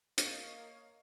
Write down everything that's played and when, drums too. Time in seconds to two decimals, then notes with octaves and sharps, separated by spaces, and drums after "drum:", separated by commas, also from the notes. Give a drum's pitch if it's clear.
0.18 A#3 C#5 D#5 F5, drum: hi-hat